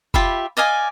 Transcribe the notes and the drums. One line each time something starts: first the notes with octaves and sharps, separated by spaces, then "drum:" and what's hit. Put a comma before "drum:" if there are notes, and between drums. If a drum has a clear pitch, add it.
F4 G4 E5 B5, drum: kick
D5 D#5 F5 G#5